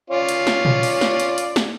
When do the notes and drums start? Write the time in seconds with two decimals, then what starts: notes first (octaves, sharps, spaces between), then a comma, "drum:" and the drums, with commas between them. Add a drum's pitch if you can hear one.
0.10 C#4 F4 D5
0.29 drum: hi-hat
0.47 drum: snare
0.65 drum: tom A#2
0.83 drum: open hi-hat
1.01 drum: snare
1.20 drum: hi-hat
1.38 drum: hi-hat
1.56 drum: snare